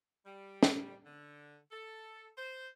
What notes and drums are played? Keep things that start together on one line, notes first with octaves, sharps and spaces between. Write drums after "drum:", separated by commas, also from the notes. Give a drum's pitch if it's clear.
G3
drum: snare
D3
A4
C5